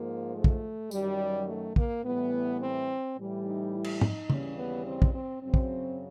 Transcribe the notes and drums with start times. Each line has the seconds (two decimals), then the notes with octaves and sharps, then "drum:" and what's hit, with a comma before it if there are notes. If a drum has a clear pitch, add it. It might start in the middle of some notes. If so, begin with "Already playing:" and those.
Already playing: G#2 F3 A#3
0.35 A3
0.44 drum: kick
0.91 F#2 D#3 F#3 G3, drum: tambourine
1.48 A3
1.76 A#3, drum: kick
2.04 A2 E3 G3 B3
2.61 C4
3.17 A2 E3 G3
3.45 D#4
3.73 E4
3.84 drum: cymbal
4.01 D#4, drum: tom G#2
4.30 D#2 C#3 E3 G3 C#4, drum: tom
4.58 B3
4.86 C4
5.02 drum: kick
5.14 C4
5.42 F#2 C#3 F#3 C4
5.54 drum: kick